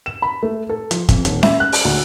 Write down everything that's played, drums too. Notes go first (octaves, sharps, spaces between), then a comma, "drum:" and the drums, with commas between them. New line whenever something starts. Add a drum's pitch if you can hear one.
E7
B5
A3
A4
F3, drum: hi-hat
F2, drum: kick G1, hi-hat
D#1, drum: hi-hat
E5, drum: snare C#4
F#6
drum: open hi-hat
D2